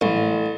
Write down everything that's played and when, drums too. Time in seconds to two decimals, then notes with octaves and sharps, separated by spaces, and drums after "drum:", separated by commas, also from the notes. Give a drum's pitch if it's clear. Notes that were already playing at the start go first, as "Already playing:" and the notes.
0.01 A1, drum: tom F3